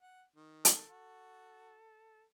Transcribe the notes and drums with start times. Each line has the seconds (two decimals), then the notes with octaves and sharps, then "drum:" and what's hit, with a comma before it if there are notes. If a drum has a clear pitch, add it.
0.02 F#5
0.36 D#3
0.65 A4, drum: hi-hat
0.90 F#4